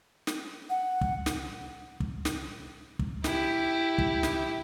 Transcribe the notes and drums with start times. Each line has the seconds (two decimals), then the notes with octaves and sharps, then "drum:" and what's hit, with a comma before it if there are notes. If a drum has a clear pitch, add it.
0.27 drum: snare
0.70 F#5
1.01 drum: kick
1.26 drum: snare
2.00 drum: kick
2.25 drum: snare
2.99 drum: kick
3.24 E4 G4, drum: snare
3.98 drum: kick
4.23 drum: snare